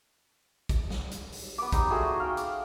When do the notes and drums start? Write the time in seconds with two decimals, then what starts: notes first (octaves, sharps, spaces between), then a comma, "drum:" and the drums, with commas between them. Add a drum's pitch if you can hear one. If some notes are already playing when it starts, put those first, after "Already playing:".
0.69 drum: kick, hi-hat
0.90 drum: snare
1.11 drum: hi-hat
1.32 drum: open hi-hat
1.58 B3 D6
1.72 G3 D#4, drum: kick, hi-hat
1.90 G#3 A3 F#4 G#4
2.20 F5 G5
2.37 D5, drum: hi-hat